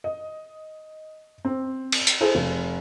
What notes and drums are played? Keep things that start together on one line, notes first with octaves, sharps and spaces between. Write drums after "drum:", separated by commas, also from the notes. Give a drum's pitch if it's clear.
D#5
C4
drum: cymbal
drum: hi-hat
E4 G#4 A4 C5
F1